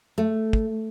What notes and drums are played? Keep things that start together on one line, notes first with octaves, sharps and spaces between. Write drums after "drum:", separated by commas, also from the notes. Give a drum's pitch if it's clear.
A3
drum: kick